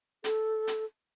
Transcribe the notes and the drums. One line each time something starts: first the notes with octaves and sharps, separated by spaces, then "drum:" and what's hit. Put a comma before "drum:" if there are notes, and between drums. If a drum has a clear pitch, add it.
A4, drum: hi-hat
drum: hi-hat